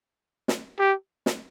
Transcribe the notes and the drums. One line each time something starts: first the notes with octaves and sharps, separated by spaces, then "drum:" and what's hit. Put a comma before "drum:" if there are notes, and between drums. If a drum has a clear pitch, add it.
drum: snare
G4
drum: snare